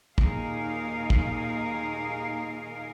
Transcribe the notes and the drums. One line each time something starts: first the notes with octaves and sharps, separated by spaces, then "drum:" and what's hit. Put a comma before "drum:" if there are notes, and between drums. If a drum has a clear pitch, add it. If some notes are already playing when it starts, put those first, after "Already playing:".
D#2 A#2 D#4 G#4 A#4 F5, drum: kick
drum: kick